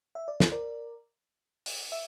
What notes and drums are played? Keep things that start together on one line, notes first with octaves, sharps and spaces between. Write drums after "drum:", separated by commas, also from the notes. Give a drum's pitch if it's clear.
E5
D5
C5, drum: snare
A#4 D5
drum: open hi-hat
E5